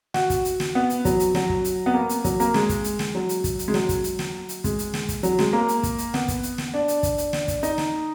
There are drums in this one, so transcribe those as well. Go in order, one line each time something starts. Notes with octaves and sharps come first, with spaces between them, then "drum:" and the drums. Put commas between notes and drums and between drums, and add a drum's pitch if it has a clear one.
F#4, drum: snare
drum: kick, hi-hat
drum: hi-hat
drum: snare
B3
drum: hi-hat
F#3, drum: kick, hi-hat
drum: hi-hat
F#3, drum: snare
drum: kick
drum: hi-hat
B3
A#3
drum: hi-hat
F#3, drum: kick, hi-hat
A#3, drum: hi-hat
G#3, drum: snare
drum: kick, hi-hat
drum: hi-hat
drum: snare
F#3
drum: hi-hat
drum: kick, hi-hat
drum: hi-hat
G#3
F#3, drum: snare
drum: kick, hi-hat
drum: hi-hat
drum: snare
drum: hi-hat
G#3, drum: kick, hi-hat
drum: hi-hat
drum: snare
drum: kick, hi-hat
F#3, drum: hi-hat
G#3, drum: snare
A#3
drum: hi-hat
drum: kick, hi-hat
drum: hi-hat
B3, drum: snare
drum: kick, hi-hat
drum: hi-hat
drum: snare
D4
drum: hi-hat
drum: kick, hi-hat
drum: hi-hat
drum: snare
drum: kick, hi-hat
D#4, drum: hi-hat
drum: snare